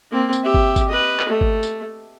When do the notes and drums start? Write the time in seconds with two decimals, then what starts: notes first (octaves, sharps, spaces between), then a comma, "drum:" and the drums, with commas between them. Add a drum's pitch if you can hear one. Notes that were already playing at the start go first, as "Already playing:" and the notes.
0.11 A#3 C4
0.33 drum: tambourine
0.43 G4 E5
0.54 drum: kick
0.76 drum: kick, tambourine
0.89 B4 D#5
1.19 drum: clap
1.29 A3
1.41 drum: kick
1.63 drum: tambourine